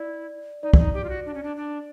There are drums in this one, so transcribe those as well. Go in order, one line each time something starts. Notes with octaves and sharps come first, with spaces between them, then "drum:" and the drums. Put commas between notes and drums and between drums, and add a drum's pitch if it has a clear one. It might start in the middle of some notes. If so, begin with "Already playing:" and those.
Already playing: E4 D5
D#4 D5
E4, drum: kick
D#4
G4
F4
F#4
D4
C#4
D4
D4